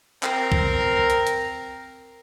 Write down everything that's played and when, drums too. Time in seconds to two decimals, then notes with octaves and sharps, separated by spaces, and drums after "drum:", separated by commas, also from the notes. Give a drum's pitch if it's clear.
0.23 C4 A#4, drum: clap
0.52 drum: kick B1
1.10 drum: hi-hat
1.27 drum: hi-hat